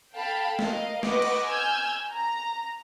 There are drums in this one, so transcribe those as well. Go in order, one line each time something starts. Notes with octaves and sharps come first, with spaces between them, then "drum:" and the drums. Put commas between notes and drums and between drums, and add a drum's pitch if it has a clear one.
A4 F5 G5 A5 B5
A#4 D#5 F5, drum: snare
B4 D#5 F#5 C#6 D6, drum: snare
drum: cymbal
G#5 E6 F6 G6 G#6
A#5